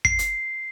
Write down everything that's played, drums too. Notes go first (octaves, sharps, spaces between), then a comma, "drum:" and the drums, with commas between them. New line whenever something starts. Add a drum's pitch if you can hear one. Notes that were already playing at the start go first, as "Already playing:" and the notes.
C7, drum: kick
drum: hi-hat